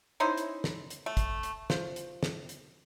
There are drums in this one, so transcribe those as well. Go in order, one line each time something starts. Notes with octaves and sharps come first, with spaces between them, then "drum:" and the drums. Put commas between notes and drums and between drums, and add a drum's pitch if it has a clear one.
C#4 D#4 E4 C5
drum: hi-hat
drum: snare
drum: hi-hat
A3
drum: kick, hi-hat
drum: hi-hat
F3, drum: snare
drum: hi-hat
drum: snare
drum: hi-hat